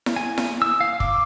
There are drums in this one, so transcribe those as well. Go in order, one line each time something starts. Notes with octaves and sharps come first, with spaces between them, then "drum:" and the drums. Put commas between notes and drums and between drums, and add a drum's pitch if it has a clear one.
drum: snare E4
G#5
drum: snare E4
E6
F5
D6, drum: kick